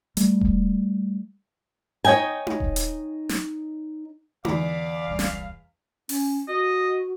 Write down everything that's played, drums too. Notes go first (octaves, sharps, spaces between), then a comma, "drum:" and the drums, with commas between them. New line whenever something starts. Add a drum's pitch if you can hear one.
G3 A3, drum: hi-hat
drum: kick D#1
D#4 C#5 D#5 G5 G#5
drum: tom D#4
drum: kick D#1
drum: hi-hat
drum: snare
E2 D3 D5 F5, drum: tom D#4
D#1 C2 G2
drum: snare
C#4, drum: open hi-hat
F#4 D#5